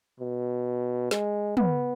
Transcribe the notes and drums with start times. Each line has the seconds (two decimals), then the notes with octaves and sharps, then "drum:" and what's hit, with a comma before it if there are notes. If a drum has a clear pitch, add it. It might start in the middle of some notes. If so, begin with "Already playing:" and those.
0.20 B2
1.11 G#3, drum: snare
1.57 B3, drum: tom